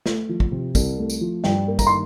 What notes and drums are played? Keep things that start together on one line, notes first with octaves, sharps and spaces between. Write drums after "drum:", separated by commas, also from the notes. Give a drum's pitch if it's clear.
A3, drum: snare
F3
drum: kick
C3
C2, drum: kick, tambourine
A3
drum: tambourine
F3
G2 G5, drum: snare
A#3
A#5, drum: kick, tambourine
C6
D#3